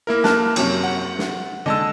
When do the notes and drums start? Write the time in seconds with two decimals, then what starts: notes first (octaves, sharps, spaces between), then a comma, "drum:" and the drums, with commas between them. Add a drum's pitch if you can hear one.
0.07 A#3 E4 A#4
0.24 A5 F6 F#6, drum: snare
0.56 F#2 C3 C#4, drum: cymbal
0.83 F#5
1.19 drum: snare
1.66 D3 G#3 D#5 A5 E6